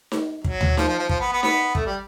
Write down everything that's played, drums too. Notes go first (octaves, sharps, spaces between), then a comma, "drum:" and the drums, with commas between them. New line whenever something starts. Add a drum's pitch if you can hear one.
drum: snare D#4
F#3, drum: kick
drum: tom D2
F3, drum: snare D#4
F3
F3
F3, drum: kick
B3
B3
B3, drum: snare D#4
A3, drum: kick
G3